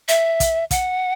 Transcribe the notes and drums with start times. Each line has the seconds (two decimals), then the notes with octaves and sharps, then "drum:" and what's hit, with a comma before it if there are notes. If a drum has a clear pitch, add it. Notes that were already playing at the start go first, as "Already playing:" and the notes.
0.08 E5, drum: hi-hat
0.40 drum: kick, hi-hat
0.71 F#5, drum: kick, hi-hat